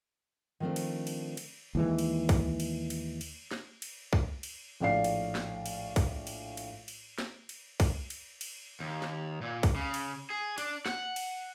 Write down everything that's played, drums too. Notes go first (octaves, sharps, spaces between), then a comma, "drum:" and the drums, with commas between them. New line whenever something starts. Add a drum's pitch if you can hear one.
D#3 F3 G3 A3 C4 D4
drum: cymbal
drum: cymbal
drum: cymbal
D#2 E3 G#3
drum: cymbal
drum: kick C2, cymbal
drum: cymbal
drum: cymbal
drum: cymbal
drum: snare
drum: cymbal
drum: kick C2
drum: cymbal
A#1 A2 D5 F5 C7
drum: cymbal
drum: snare
drum: cymbal
drum: kick C2, cymbal
drum: cymbal
drum: cymbal
drum: cymbal
drum: snare
drum: cymbal
drum: kick C2, cymbal
drum: cymbal
drum: cymbal
D#2
drum: snare
A#2
drum: kick C2, cymbal
C#3
drum: cymbal
G#4
D4, drum: cymbal
F#5, drum: snare
drum: cymbal